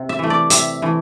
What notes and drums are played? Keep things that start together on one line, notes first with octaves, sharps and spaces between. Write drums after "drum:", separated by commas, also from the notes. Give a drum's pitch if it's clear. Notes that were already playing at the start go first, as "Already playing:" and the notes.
Already playing: C3
E5
E3 A3
D5
C3 E5, drum: hi-hat
E3 A3